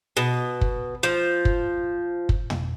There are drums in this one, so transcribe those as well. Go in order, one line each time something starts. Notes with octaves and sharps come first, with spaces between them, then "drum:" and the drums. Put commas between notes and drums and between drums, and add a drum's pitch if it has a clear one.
B2
drum: kick
F3
drum: kick
drum: kick
drum: tom